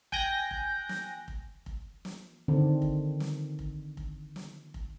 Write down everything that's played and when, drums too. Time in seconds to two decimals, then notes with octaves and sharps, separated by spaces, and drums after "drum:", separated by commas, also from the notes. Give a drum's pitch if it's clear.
0.12 G5 G#5 F#6 G6 A#6, drum: kick F1
0.51 drum: kick F1
0.89 drum: snare
1.28 drum: kick F1
1.66 drum: kick F1
2.05 drum: snare
2.48 D3 D#3 C4 D4
2.82 drum: kick F1
3.20 drum: snare
3.59 drum: kick F1
3.97 drum: kick F1
4.36 drum: snare
4.74 drum: kick F1